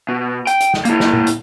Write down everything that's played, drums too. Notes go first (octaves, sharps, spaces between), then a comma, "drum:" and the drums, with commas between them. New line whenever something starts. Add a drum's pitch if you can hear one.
B2
G5, drum: hi-hat
drum: hi-hat
drum: snare
A#3 E4, drum: hi-hat
drum: snare
drum: tom A#2
drum: hi-hat